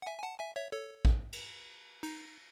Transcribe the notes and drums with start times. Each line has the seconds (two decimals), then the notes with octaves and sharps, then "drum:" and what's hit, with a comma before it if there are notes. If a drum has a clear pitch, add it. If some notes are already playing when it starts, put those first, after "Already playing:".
0.02 F#5
0.06 E5 G#5
0.18 G#5
0.23 F#5 A5
0.39 E5 G#5
0.56 C#5 E5
0.72 A4 C#5
1.05 drum: kick A1
1.33 drum: cymbal
2.03 D#4, drum: cymbal